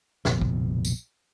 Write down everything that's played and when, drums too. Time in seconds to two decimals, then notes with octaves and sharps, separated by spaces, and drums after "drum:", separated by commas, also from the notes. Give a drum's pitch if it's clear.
0.25 F1 A#1 B2, drum: snare
0.41 drum: kick
0.85 drum: tambourine